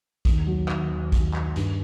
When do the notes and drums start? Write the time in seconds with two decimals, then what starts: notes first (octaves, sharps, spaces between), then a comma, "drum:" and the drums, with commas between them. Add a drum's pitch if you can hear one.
0.25 D#2, drum: kick, hi-hat
0.47 F#3
0.68 D#2, drum: clap
0.90 D#2
1.12 D#2, drum: kick, hi-hat
1.34 D#3, drum: clap
1.56 G2, drum: hi-hat